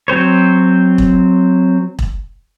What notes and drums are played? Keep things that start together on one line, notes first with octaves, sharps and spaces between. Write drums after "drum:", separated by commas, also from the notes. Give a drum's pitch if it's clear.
F#3 C4 C5 C#5
drum: kick E1
drum: kick E1